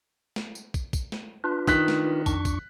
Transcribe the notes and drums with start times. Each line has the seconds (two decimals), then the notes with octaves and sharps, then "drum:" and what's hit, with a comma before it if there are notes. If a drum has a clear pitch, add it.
0.36 drum: snare
0.55 drum: tambourine
0.74 drum: kick, tambourine
0.93 drum: kick, tambourine
1.12 drum: snare
1.44 D4 F4 B4
1.67 D#3 F#6 B6, drum: kick, tambourine
1.88 drum: snare
2.26 F2 D4 C#6, drum: kick, tambourine
2.45 drum: kick, tambourine